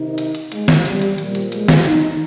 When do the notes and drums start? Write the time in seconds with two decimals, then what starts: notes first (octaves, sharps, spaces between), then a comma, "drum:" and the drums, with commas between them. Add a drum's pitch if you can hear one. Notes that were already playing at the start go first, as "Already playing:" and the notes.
Already playing: C3 D#3 D#4
0.18 drum: hi-hat
0.35 drum: hi-hat
0.52 G#3, drum: hi-hat
0.68 drum: snare
0.85 G3, drum: hi-hat
1.02 drum: hi-hat
1.18 A#2 F3 G3, drum: hi-hat
1.35 drum: hi-hat
1.52 G#3, drum: hi-hat
1.68 drum: snare
1.85 D#4, drum: hi-hat